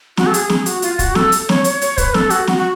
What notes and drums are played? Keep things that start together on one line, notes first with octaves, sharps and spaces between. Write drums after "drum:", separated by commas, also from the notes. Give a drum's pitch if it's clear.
F#4, drum: snare
A4
G#4, drum: hi-hat
G#4, drum: snare
F#4, drum: hi-hat
F4, drum: hi-hat
F#4, drum: kick, hi-hat
A4, drum: snare
drum: hi-hat
C#5, drum: snare
C#5, drum: hi-hat
C#5, drum: hi-hat
B4, drum: kick, hi-hat
A4, drum: snare
F#4, drum: hi-hat
F#4, drum: snare
F#4